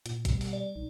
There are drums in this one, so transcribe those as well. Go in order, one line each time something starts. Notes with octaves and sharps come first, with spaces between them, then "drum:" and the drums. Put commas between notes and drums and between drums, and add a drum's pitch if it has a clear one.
A#2, drum: hi-hat
B2 G3, drum: kick, hi-hat
drum: open hi-hat
D5
B1 D#4